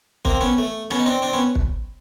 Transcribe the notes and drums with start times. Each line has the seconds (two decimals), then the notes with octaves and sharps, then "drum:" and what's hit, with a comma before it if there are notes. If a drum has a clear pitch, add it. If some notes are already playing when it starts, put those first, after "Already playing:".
0.25 A#3 C4, drum: kick
0.41 B3 C#4
0.58 A3
0.91 B3 C#4, drum: rim click
0.99 D#4
1.06 C4 D4
1.22 C4 D4
1.33 B3 C#4
1.55 drum: kick